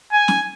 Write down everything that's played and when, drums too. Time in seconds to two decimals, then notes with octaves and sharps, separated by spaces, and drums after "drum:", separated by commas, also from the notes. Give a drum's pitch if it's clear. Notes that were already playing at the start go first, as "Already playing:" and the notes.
0.12 G#5
0.28 drum: snare